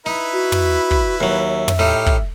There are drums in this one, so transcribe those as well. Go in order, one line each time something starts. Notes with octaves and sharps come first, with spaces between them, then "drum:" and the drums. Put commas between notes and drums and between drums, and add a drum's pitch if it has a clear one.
D#4 E4 B4
F#4
drum: tom
drum: kick
D#2 F#3 E5
drum: tom
A2 D#4 G4 F6
drum: kick